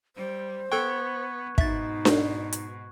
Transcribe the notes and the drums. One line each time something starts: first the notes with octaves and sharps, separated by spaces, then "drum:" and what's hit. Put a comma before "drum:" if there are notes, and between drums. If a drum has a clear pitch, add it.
G3 C5
B3 A4 G5 C#6 F#6 G#6
G#2 B2 D#4 E5 A6, drum: kick
drum: snare D4
drum: hi-hat